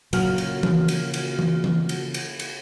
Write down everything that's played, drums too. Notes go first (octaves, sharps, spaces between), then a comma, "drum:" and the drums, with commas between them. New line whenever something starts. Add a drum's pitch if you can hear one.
A#2 C#3 F#3 F#4 F6, drum: cymbal
drum: cymbal
drum: tom E3
drum: cymbal
drum: cymbal
drum: tom E3
drum: tom E3
drum: cymbal
drum: cymbal
drum: cymbal